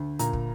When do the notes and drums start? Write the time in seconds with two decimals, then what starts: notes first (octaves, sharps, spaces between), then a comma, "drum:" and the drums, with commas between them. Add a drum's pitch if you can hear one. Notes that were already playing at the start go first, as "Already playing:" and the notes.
Already playing: D2
0.19 A#2 A#5, drum: hi-hat
0.33 drum: kick